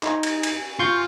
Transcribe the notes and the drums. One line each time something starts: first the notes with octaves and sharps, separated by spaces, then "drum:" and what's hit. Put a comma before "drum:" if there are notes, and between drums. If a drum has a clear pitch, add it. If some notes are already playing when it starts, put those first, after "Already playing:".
D#4, drum: clap
drum: cymbal
drum: cymbal
F4 C6 C#6 G6